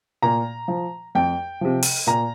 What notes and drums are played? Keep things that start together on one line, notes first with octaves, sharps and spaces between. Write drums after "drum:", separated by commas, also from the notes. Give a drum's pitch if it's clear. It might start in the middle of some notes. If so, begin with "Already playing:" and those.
A#2 A#5
F3
F2 G5
C3 F3
drum: open hi-hat
A#2 A#5